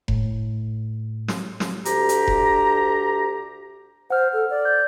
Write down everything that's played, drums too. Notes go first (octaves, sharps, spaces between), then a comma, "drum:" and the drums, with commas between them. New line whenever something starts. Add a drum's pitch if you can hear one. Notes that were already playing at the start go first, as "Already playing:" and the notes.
A2, drum: kick F1
drum: snare
drum: snare
D2 G4 A#5, drum: hi-hat
drum: hi-hat
drum: kick F1
C5 F#5 F6
A4
D5
G6